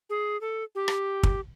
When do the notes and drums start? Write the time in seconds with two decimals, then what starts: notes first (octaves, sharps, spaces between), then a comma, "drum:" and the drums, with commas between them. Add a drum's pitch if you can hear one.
0.10 G#4
0.41 A4
0.75 G4
0.88 drum: rim click
1.23 drum: kick